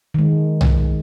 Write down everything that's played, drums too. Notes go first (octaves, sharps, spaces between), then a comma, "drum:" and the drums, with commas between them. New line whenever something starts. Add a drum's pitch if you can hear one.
D#3 G#3
drum: tom